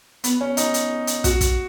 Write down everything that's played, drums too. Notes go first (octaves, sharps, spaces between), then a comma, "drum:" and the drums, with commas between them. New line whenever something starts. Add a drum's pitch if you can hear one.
B3, drum: hi-hat
C#4
D#4, drum: hi-hat
drum: hi-hat
drum: hi-hat
F#4, drum: kick, hi-hat
drum: kick, hi-hat